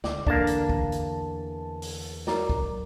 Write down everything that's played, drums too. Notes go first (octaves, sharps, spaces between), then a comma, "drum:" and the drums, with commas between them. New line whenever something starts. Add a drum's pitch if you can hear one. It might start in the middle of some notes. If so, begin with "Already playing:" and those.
D2 D5, drum: snare
E2 D3 A#3 D4 A5, drum: kick
drum: hi-hat
drum: kick
drum: hi-hat
drum: open hi-hat
F#3 A#4 D5, drum: snare
drum: kick